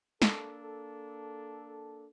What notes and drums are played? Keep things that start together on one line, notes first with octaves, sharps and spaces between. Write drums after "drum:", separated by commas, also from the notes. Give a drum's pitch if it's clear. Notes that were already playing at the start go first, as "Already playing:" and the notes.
A#3 D4 A4, drum: snare